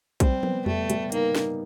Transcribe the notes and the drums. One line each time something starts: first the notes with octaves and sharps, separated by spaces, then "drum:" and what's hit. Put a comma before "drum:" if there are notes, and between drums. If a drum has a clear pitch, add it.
G3 C4, drum: kick B1, hi-hat
B3, drum: tom F3
G3 A3, drum: tom F2
G3, drum: hi-hat
A#3 D#4, drum: hi-hat
D#4, drum: snare